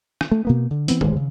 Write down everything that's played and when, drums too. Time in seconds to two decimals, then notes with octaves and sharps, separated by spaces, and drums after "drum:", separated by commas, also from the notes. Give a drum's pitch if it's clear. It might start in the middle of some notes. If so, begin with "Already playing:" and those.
0.21 drum: rim click
0.32 A3
0.45 B2 A#3 B3
0.71 D3
0.88 E3 B3 C4, drum: hi-hat
1.01 D1 G1 C3 G#3, drum: tom D#3
1.16 C#3